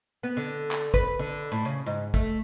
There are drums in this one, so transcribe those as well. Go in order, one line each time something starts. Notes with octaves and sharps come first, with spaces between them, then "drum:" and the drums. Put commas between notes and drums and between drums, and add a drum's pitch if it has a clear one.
B3
D3
drum: clap
B4, drum: kick
D3
A2
C#3
G#2
A3, drum: kick